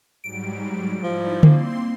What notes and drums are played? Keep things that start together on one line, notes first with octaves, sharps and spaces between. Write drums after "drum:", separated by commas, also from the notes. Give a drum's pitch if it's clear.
G#2 F#3 G3 D7
F3 D#4 E4 D5
A#3 C4 C6, drum: tom D3